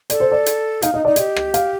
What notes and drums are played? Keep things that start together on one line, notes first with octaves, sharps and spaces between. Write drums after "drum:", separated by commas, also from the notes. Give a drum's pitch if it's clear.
A4 D5, drum: hi-hat
C5
D5
drum: hi-hat
D#4 F5, drum: hi-hat
D#4 D#5
D#4 D5
G4 D#5, drum: hi-hat
drum: rim click
F5, drum: hi-hat